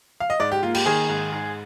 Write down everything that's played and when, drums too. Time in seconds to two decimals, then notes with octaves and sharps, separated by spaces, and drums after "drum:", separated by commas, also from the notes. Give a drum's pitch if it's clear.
0.20 F5
0.30 D#5
0.40 G#2 D5
0.52 G4
0.63 A#3 F4
0.74 G4, drum: cymbal
0.86 D#3 G#4
1.09 G#2
1.32 G#2